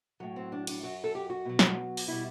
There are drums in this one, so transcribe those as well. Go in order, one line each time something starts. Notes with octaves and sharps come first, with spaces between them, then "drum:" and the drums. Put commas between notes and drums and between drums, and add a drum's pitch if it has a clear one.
A2 F#3
C4
D4
D4, drum: cymbal
F#2 F#3 F#4
A4
G4
F#4
B2 F#3
drum: snare
drum: open hi-hat
B2 G3 E4